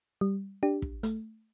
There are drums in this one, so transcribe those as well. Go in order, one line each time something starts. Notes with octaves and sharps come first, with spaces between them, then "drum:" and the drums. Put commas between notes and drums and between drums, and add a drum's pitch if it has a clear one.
G3
D4 G4
drum: kick
A3, drum: hi-hat